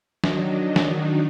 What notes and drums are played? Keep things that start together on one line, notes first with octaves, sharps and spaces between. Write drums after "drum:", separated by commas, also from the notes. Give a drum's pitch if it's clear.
D#3 F#3 D4 D#4, drum: snare
drum: snare